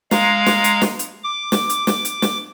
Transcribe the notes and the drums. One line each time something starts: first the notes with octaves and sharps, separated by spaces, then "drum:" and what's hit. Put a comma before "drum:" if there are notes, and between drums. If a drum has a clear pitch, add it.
G#3 F5 A#5, drum: snare
drum: snare
drum: hi-hat
drum: snare
drum: hi-hat
D6
drum: snare
drum: hi-hat
drum: snare
drum: hi-hat
drum: snare